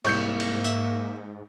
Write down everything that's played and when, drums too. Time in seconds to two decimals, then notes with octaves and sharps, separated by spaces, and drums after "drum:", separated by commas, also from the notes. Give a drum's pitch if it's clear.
0.05 C2 G#2 A#3 C#6 G6 C#7, drum: cymbal
0.40 drum: cymbal
0.64 E5, drum: tambourine